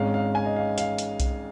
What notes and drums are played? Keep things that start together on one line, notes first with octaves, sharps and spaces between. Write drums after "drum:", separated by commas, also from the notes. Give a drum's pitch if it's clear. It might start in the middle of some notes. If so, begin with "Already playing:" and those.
Already playing: G#1 G#2 G#3 C#4 F5
F5
G#5
D#5
F5
F5, drum: hi-hat
drum: hi-hat
drum: kick B1, hi-hat